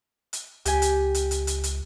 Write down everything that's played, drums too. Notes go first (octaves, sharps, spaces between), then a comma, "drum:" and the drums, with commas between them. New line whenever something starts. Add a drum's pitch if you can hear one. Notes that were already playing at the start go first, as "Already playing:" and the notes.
drum: hi-hat
C#2 G4 G#5, drum: hi-hat
drum: hi-hat
drum: hi-hat
drum: hi-hat
drum: hi-hat
drum: hi-hat